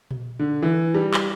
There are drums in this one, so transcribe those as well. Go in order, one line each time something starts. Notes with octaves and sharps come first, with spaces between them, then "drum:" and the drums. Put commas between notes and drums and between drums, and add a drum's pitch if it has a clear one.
drum: tom A#2
D3
E3
G3
drum: clap